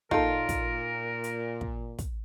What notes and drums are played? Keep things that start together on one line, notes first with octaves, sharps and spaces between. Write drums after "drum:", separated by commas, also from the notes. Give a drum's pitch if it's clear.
A#2 D#4 F4 A4 A#4, drum: kick
drum: kick, hi-hat
drum: hi-hat
drum: kick
drum: kick, hi-hat